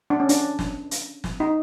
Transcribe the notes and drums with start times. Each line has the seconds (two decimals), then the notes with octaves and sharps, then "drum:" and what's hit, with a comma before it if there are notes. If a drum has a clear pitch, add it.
0.10 D4
0.20 C#4
0.29 D4, drum: hi-hat
0.59 drum: snare
0.91 drum: hi-hat
1.24 drum: snare
1.40 D#4